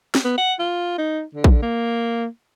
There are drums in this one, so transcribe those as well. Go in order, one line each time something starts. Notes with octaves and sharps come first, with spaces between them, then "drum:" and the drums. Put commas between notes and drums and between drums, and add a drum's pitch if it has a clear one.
drum: snare
B3
F#5
F4
D#4
D3
drum: kick A#1
A#3